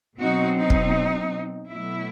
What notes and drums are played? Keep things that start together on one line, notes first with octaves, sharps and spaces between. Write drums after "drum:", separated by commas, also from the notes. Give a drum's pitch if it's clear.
B2 F#3 C4 D#4 F#4
D#4
drum: kick
B2 F#3 A3 E4